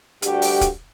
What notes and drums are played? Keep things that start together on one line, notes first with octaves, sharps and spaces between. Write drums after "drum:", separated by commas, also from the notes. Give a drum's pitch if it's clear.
D2 G2 G3 F#4 G4, drum: hi-hat
drum: open hi-hat
drum: kick, hi-hat